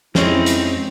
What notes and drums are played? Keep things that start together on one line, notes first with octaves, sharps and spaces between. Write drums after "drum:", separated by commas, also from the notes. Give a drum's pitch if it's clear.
F2 G#3 C4 C#4 D#4 E4 C#5, drum: snare
drum: hi-hat